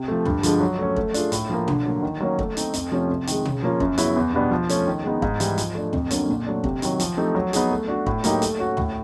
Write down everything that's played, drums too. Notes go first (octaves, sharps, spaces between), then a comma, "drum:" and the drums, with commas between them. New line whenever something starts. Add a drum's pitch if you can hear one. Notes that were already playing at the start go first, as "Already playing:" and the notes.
Already playing: C3
F3 A3
G2, drum: tom
D3 F3 G#3, drum: hi-hat
F#3
A3 C#4
A3, drum: kick
D4 F4 G#4, drum: hi-hat
A2, drum: hi-hat
F3 A#3
D3, drum: tom
F#3 A#3
D#3
F#3 A#3 C#4
A3, drum: kick
C4 D#4, drum: hi-hat
F2, drum: hi-hat
C3 F3 A3 C#4
C3
D#3 G#3, drum: hi-hat
C#3, drum: tom
F3 A#3 C#4 F4
F#2, drum: kick
C#3 F#3 B3 E4, drum: hi-hat
E2
B2 G3 B3 D4
F3
A3 C#4, drum: hi-hat
D#3
G#3 B3 D#4
G#2, drum: kick
E3 G3, drum: hi-hat
F3, drum: hi-hat
A3 D4
F2, drum: tom
D3 F#3 A#3 C#4, drum: hi-hat
A#2
F#3 A3 D4
C3, drum: kick
D#3 F#3, drum: hi-hat
F3, drum: hi-hat
A3 C4 D#4 G4
F#3
B3 D#4 G#4, drum: hi-hat
A3
D4 F#4
A2, drum: kick
F#3 A#3 D#4 G4, drum: hi-hat
A3, drum: hi-hat
C#4 F#4
A2, drum: tom